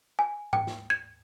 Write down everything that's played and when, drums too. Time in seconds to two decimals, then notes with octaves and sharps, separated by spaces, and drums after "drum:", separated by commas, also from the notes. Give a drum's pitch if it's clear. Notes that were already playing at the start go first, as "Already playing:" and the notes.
0.19 G#5
0.53 G5, drum: tom G#2
0.67 drum: snare
0.90 G#6